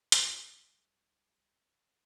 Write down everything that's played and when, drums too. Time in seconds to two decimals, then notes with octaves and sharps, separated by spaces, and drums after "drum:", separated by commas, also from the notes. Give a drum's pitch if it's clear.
0.12 C2 G#2, drum: hi-hat